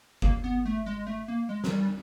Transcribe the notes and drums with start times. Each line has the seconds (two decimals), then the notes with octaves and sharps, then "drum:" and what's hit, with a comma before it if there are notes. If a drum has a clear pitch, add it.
0.22 A#3, drum: kick F#1
0.44 B3
0.65 A3
0.86 G#3
1.07 A3
1.28 A#3
1.49 G#3
1.64 F#3, drum: snare
1.70 G3